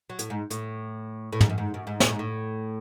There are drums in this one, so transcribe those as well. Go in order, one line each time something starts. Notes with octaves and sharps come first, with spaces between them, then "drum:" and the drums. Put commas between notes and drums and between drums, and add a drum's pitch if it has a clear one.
F#3
A2, drum: hi-hat
G#2
A2, drum: hi-hat
A2
G#2, drum: tom
F#2
G#2
F#2
G#2
A2, drum: snare
G#2
A2